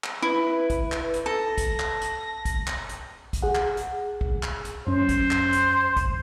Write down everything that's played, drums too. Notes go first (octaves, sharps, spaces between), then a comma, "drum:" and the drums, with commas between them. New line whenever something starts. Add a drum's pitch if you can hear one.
drum: clap
E4 B4
drum: kick, hi-hat
drum: clap
drum: hi-hat
A4 A#6
drum: kick, hi-hat
drum: clap
drum: hi-hat
drum: kick, hi-hat
drum: clap
drum: hi-hat
drum: kick, hi-hat
G#4 F#5
drum: clap
drum: hi-hat
drum: kick
drum: clap
drum: hi-hat
F#2 C#4 C5
drum: kick, hi-hat
drum: clap
drum: hi-hat
drum: kick, hi-hat